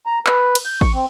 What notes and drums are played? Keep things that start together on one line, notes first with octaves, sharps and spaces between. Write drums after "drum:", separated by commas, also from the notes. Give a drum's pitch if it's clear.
A#5
B4, drum: clap
drum: cymbal
G6
C#6, drum: kick A1
C4